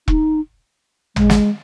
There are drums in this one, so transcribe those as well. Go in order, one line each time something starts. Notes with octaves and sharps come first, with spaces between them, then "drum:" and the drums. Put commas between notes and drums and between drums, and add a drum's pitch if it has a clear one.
D#4, drum: kick E1
G#3, drum: tom
drum: snare